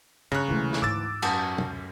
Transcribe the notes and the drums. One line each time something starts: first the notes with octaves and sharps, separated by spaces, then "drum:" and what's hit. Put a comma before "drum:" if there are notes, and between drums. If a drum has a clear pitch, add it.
G2 C#3 C#5 A#5 F#6
D2 C3 E3 G#3
drum: snare
G#2 F4 D6 E6 A6
F#2 F#4 A5 D#6, drum: cymbal
D2, drum: tom